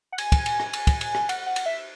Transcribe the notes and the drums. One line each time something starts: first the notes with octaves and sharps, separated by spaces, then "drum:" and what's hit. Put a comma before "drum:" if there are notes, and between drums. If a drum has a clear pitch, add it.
F#5
G#5, drum: cymbal
drum: kick, cymbal
drum: cymbal
drum: rim click
drum: cymbal
drum: kick, cymbal
drum: cymbal
drum: rim click
F#5, drum: cymbal
F#5
drum: cymbal
E5